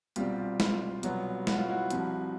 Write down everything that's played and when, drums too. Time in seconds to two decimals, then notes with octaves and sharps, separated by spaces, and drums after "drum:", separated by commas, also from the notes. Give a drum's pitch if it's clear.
0.16 C2 B2 G3 C4 F4 G4, drum: hi-hat
0.38 F4
0.60 F4, drum: snare
1.03 C2 B2 F#3 B3, drum: hi-hat
1.47 F#4, drum: snare
1.58 F4
1.70 E4 F#4
1.90 C2 C3 F3, drum: hi-hat